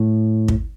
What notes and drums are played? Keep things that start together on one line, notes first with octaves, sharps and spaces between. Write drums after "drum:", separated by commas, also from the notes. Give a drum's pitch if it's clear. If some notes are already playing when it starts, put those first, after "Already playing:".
Already playing: A2
drum: kick